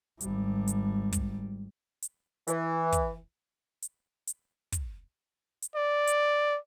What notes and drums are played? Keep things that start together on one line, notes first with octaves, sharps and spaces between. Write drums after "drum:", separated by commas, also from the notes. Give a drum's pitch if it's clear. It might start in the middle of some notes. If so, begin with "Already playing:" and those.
G#1 G3, drum: hi-hat
drum: hi-hat
drum: kick, hi-hat
drum: hi-hat
E3, drum: hi-hat
drum: kick, hi-hat
drum: hi-hat
drum: hi-hat
drum: kick, hi-hat
drum: hi-hat
D5
drum: hi-hat